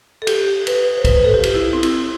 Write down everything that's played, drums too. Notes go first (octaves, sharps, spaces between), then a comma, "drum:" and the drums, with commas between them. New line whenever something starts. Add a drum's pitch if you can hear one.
A4
G4, drum: cymbal
B4, drum: cymbal
C5
B4, drum: kick, cymbal
B4
A4
G4
F4, drum: cymbal
E4
C4
E4, drum: cymbal